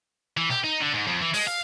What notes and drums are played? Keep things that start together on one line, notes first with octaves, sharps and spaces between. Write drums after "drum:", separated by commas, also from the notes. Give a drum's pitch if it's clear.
E3
G4, drum: snare
D#4
D3
G#2
F2
E3
G#3, drum: open hi-hat
F5